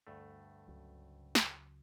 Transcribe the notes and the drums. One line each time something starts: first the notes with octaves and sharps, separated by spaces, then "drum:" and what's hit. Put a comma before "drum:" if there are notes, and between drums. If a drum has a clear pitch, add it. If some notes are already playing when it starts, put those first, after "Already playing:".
D2 G2 A3
C#2 C#3 F#3
drum: snare